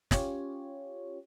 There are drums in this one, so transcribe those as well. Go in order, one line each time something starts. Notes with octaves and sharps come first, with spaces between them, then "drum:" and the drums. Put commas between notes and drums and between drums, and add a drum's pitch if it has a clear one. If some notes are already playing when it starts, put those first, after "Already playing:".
C#4 F4 G4 C#5, drum: snare